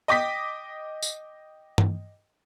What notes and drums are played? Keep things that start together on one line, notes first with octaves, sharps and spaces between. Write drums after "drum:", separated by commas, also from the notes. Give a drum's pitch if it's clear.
D#5 G5 D6 D#6 B6
drum: tambourine
drum: tom G2